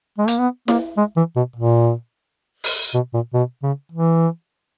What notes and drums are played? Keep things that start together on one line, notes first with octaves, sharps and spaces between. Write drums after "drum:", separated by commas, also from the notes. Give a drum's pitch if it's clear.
G#3
A#3, drum: hi-hat
B3
A#3, drum: snare E4
G#3
E3
B2
A#2
drum: open hi-hat
B2
A#2
B2
C#3
E3